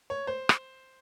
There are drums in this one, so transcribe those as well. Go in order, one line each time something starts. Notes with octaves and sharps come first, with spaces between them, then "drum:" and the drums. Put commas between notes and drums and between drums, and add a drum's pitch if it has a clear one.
C#5
C5
drum: rim click